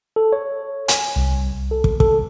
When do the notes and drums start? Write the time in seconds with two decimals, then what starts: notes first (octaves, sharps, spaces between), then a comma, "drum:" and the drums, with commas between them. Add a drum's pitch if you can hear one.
0.16 A4
0.33 C#5
0.88 G#5, drum: hi-hat
1.16 C2
1.71 A4
1.84 drum: kick
2.00 A4, drum: kick